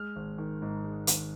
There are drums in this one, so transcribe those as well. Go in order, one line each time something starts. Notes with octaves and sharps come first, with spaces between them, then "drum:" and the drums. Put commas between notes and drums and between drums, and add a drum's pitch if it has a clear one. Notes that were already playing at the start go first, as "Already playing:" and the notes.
Already playing: G#3 F6
G#1
D#3
G#2
G#3
G#1, drum: hi-hat